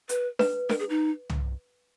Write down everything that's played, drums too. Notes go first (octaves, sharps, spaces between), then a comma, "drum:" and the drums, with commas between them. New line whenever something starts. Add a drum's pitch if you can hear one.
B4, drum: hi-hat
B4, drum: snare D4
A#4, drum: snare D4
G#4
D#4
drum: tom C2